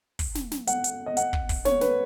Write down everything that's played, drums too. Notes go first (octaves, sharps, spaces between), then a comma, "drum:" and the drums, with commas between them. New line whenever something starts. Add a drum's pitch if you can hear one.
drum: kick, open hi-hat
drum: snare
drum: snare
F#5, drum: hi-hat
drum: hi-hat
D#5
F#5, drum: hi-hat
drum: kick
drum: kick, open hi-hat
C#5, drum: snare
B4, drum: snare